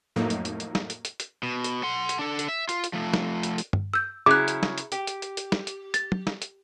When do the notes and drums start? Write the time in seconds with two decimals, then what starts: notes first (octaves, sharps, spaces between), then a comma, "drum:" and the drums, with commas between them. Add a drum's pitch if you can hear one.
0.16 F2 A2 F#3 A3 A#3 D#4
0.30 drum: hi-hat
0.45 drum: hi-hat
0.60 drum: hi-hat
0.75 drum: snare
0.90 drum: hi-hat
1.05 drum: hi-hat
1.20 drum: hi-hat
1.43 B2
1.64 drum: hi-hat
1.83 F#5 C6
2.09 drum: hi-hat
2.19 D4 A4
2.39 drum: hi-hat
2.48 E5
2.69 F4, drum: hi-hat
2.84 drum: hi-hat
2.93 F3 A3
3.14 drum: snare
3.43 drum: hi-hat
3.58 drum: hi-hat
3.73 drum: tom
3.94 E6 G6
4.26 C#3 F#3 E4 G#4 D6 F#6
4.48 drum: hi-hat
4.63 drum: snare
4.78 drum: hi-hat
4.92 G4, drum: hi-hat
5.07 drum: hi-hat
5.22 drum: hi-hat
5.37 drum: hi-hat
5.52 drum: snare
5.67 drum: hi-hat
5.94 A6, drum: hi-hat
6.12 drum: tom
6.27 drum: snare
6.42 drum: hi-hat